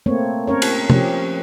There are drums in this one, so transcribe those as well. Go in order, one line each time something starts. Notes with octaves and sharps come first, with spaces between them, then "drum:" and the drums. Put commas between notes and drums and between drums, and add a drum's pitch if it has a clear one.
A3 A#3 C4 C#5
C4 C#4 A#4 C#5
drum: cymbal
F3 C#4 G4, drum: tom